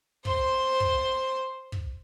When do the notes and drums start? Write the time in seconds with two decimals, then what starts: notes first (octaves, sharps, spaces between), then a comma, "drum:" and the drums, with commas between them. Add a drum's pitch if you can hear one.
0.25 C5 C6, drum: kick
0.80 drum: kick
1.72 drum: kick